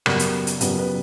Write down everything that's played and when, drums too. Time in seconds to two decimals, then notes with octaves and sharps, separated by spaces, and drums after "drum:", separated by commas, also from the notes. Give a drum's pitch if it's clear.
0.06 F#2 C#3 G3 B3 A#4, drum: rim click
0.19 drum: hi-hat
0.47 drum: hi-hat
0.61 F#2 C#3 G3 B3 B4, drum: hi-hat
0.79 B4